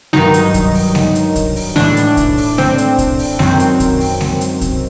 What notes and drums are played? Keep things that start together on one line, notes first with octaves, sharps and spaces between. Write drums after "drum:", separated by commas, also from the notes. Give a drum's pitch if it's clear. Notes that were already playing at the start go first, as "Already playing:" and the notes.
G2 D#3 F#3 D#4, drum: snare G#3
drum: hi-hat
drum: kick, hi-hat
drum: open hi-hat
drum: snare G#3
drum: hi-hat
drum: kick, hi-hat
drum: open hi-hat
A2 E3 D4, drum: snare G#3
drum: hi-hat
drum: kick, hi-hat
drum: open hi-hat
C4, drum: snare G#3
drum: hi-hat
drum: kick, hi-hat
drum: open hi-hat
F#2 D#3 F#3 C4, drum: snare G#3
drum: hi-hat
drum: kick, hi-hat
drum: open hi-hat
drum: snare G#3
drum: hi-hat
drum: kick, hi-hat